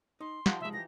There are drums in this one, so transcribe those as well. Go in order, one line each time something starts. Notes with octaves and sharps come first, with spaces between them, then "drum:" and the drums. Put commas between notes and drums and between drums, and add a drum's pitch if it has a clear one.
D#4 C6
F3 D#4 G4 F5 F#5, drum: snare
C2 G#3 E5
E3 G4 A#6